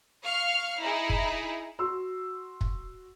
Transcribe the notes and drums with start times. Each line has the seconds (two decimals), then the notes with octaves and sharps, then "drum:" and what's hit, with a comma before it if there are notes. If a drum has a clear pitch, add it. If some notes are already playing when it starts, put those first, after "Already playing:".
0.23 F5 C#6 F6
0.80 D#4 E4 G#4
1.09 drum: kick
1.79 F#4 C6 E6
2.61 drum: kick